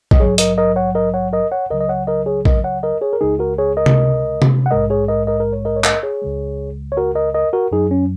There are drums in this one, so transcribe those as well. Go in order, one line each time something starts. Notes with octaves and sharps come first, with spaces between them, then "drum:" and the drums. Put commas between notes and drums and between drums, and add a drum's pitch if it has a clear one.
D#5, drum: kick A#1
A#1 G#2 F#3 G#4 C#5
A#4 D#5, drum: hi-hat
A#4 D#5
C#5 F#5
A#4 D#5
C#5 F#5
A#4 D#5
C#5 F#5
C#2 C#3 F#3 A#4 D#5
D#5
C#5 F#5
A#4 D#5
G#4 C#5
A#4 D#5, drum: kick A#1
C#5 F#5
A#4 D#5
G#4 C#5
A#4
C#2 C#3 G#3 D#4 G#4
F#4 A#4
G#4 C#5
A#4 D#5
drum: tom C3
drum: tom C3
F#5
A#1 G#2 G#3 A#4 D#5
G#4 C#5
A#4 D#5
A#4 D#5
A#4
C#5
A#4 D#5
C#5
A#4 D#5, drum: clap
G#4 C#5
C#2 C#3 G#3
C#5
F#4 A#4
A#4 D#5
A#4 D#5
F#4 A#4
F#2 F#3 D#4 G#4
C#4